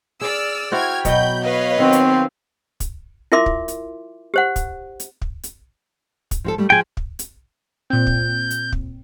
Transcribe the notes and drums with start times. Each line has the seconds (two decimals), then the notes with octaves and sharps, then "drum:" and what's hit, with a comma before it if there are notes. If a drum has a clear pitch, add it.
0.21 G#4 D5 E6 F6
0.72 E4 F#4 C5 G5 F6 G#6
1.05 B2 F#3 B5 G6, drum: kick, hi-hat
1.43 B4 C#5 D#5 F5
1.79 D#3 C4 F#4
1.93 drum: hi-hat
2.80 drum: kick, hi-hat
3.32 E4 F4 A#4 E5 C6 D6
3.46 drum: kick
3.68 drum: hi-hat
4.34 G4 C5 F#5
4.56 drum: kick, hi-hat
5.00 drum: hi-hat
5.22 drum: kick
5.43 drum: hi-hat
6.31 drum: kick, hi-hat
6.44 F3 F#4 A4
6.58 G3 A3
6.70 F3 G#4 G5 G#5
6.97 drum: kick
7.19 drum: hi-hat
7.90 A#2 C4 G6
8.07 drum: kick
8.50 drum: hi-hat
8.72 drum: kick